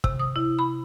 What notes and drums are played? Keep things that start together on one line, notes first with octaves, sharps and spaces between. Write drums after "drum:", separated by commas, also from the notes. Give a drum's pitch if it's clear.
C3, drum: kick
D#6
E4
B5